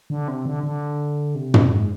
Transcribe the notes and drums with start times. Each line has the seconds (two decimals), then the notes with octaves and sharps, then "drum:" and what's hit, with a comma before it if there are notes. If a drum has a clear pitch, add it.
0.10 D3
0.28 C3
0.46 D3
0.63 D3
1.35 C3
1.54 B2, drum: tom
1.71 G#2